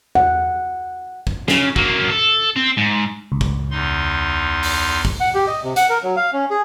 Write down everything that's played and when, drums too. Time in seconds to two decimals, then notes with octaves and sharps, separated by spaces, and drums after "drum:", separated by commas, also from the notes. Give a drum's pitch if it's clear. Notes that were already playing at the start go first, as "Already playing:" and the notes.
0.15 F#5, drum: tom E2
1.27 drum: kick
1.48 C#3, drum: snare
1.76 F#3 A#3, drum: kick
2.10 A4
2.56 C4
2.77 G#2
3.32 C#2
3.41 drum: kick
3.71 E2 D#4 C6
4.63 drum: open hi-hat
5.05 drum: kick
5.20 F#5
5.34 G4
5.47 D#5
5.63 C3
5.76 F#5, drum: hi-hat
5.89 A#4
6.03 F#3
6.16 F5
6.33 C#4
6.50 G#4